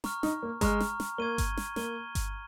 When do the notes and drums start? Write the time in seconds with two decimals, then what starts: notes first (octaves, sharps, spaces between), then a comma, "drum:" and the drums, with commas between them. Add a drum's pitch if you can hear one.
0.04 A#5 C#6 F6, drum: snare
0.23 D#4, drum: snare
0.43 A#3
0.61 G#3 A#5 C#6 F6, drum: kick G1, hi-hat
0.80 drum: snare
1.00 drum: snare
1.18 A#3 C#6 G#6 D#7 G7
1.38 drum: kick G1, hi-hat
1.57 drum: snare
1.76 A#3 C#6 G#6 D#7 G7, drum: snare
2.15 drum: kick G1, hi-hat